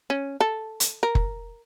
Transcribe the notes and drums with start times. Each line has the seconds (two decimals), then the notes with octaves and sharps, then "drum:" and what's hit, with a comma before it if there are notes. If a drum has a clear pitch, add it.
0.10 C#4
0.40 A4
0.80 drum: hi-hat
1.03 A#4
1.15 drum: kick